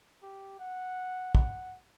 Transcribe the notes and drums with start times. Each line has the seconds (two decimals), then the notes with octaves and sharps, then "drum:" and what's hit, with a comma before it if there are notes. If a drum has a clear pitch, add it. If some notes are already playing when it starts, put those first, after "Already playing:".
0.23 G4
0.59 F#5
1.35 F#5, drum: kick